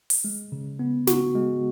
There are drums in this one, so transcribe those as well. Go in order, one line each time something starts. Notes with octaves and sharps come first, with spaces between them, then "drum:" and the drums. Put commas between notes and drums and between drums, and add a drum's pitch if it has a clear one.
drum: open hi-hat
G#3
C#3
B3
F#4, drum: snare
G#3